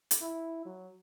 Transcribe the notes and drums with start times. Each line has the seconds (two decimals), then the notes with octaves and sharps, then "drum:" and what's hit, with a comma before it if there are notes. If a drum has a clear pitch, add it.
0.11 drum: hi-hat
0.21 E4
0.65 F#3